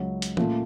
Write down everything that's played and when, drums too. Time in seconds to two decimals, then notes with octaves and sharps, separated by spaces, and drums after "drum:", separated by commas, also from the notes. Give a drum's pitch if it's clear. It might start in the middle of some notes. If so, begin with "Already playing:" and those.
Already playing: C#2 C#3 F#3
0.22 drum: hi-hat
0.37 A#2 A3 C#4 F4, drum: tom E3